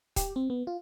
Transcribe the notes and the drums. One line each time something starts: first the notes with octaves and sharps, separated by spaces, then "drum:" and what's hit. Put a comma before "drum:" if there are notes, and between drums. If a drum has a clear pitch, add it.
G4, drum: kick D#1, hi-hat
C4
B3
F4